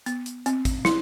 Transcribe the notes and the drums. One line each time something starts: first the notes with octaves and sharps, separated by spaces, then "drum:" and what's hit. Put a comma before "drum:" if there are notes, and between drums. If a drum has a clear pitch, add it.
B3, drum: hi-hat
drum: hi-hat
C4, drum: hi-hat
drum: kick, hi-hat
E4, drum: snare